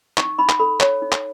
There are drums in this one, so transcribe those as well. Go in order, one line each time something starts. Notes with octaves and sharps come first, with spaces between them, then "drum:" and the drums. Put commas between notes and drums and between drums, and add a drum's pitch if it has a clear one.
D#4 C#6, drum: clap
D#4 B5
drum: clap
A4 B5
C#5, drum: clap
D#4
drum: clap